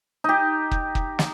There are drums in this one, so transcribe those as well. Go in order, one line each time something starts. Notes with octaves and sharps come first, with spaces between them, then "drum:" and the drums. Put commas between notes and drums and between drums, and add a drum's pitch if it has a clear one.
D#4 G4
drum: kick
drum: kick
drum: snare